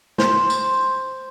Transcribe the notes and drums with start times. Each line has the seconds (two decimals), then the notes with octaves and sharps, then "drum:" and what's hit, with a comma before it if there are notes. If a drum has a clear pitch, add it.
0.18 C5, drum: snare
0.50 drum: tambourine